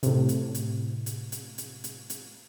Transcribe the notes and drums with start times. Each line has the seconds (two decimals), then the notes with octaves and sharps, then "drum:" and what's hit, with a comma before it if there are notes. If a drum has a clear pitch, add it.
0.03 A2 C3, drum: hi-hat
0.29 drum: hi-hat
0.55 drum: hi-hat
1.06 drum: hi-hat
1.32 drum: hi-hat
1.58 drum: hi-hat
1.84 drum: hi-hat
2.10 drum: hi-hat